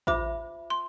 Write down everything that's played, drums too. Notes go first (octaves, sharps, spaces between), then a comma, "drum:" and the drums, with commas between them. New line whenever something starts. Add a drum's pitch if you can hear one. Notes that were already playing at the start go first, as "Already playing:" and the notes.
F4 C5 E5 B5 D6, drum: kick A1
C6